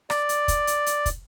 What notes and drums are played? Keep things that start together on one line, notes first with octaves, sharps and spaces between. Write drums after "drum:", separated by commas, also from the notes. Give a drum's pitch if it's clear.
D5, drum: rim click
drum: hi-hat
drum: kick, hi-hat
drum: hi-hat
drum: hi-hat
drum: kick, hi-hat